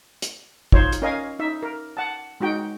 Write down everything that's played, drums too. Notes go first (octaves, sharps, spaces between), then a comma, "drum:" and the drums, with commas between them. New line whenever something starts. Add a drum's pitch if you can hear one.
drum: hi-hat
D#4 F4 C5 C#5, drum: kick
drum: hi-hat
C#4 A#4 D#5 F5 G#5
D#4 E5
A#4
F#5 A5
G#3 D#4 F#4 G5